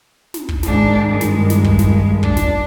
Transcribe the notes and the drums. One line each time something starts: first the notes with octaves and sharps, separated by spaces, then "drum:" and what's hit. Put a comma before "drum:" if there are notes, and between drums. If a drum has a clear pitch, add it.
drum: snare
drum: kick
G#2 D#3 D4, drum: snare
G2 G#3
drum: snare
drum: snare
drum: kick
drum: snare
D4, drum: kick
drum: snare